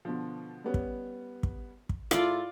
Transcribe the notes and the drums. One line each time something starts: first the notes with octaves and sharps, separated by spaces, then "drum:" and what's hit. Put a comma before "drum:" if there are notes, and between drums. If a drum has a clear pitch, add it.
B2 D3 F3
G3 B3 C#4
drum: kick
drum: kick
drum: kick
G#2 E4 F4 A4 D5, drum: rim click